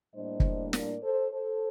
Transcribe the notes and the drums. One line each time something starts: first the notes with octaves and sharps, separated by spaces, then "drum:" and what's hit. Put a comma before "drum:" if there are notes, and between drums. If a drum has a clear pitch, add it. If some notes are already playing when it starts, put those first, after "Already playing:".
A2 G3 A#3 D4 C5 D#5
drum: kick
A#4 D5, drum: snare
A4 C5
A4 C5